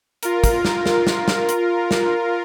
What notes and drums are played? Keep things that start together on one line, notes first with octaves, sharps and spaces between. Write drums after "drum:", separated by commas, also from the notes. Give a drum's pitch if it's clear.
F4 A#4, drum: hi-hat
drum: kick, hi-hat
drum: snare
drum: snare
drum: snare
drum: snare
drum: hi-hat
drum: snare